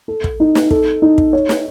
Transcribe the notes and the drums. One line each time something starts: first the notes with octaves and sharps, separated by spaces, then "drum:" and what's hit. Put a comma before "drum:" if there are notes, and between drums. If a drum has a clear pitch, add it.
A4
drum: kick
D#4
drum: snare
A4, drum: kick
D#4
drum: kick
C#5
drum: snare